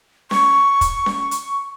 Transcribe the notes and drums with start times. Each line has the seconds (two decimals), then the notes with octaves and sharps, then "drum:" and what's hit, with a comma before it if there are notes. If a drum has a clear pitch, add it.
0.31 C#6, drum: snare C#4
0.81 drum: kick, hi-hat
1.06 drum: snare C#4
1.31 drum: hi-hat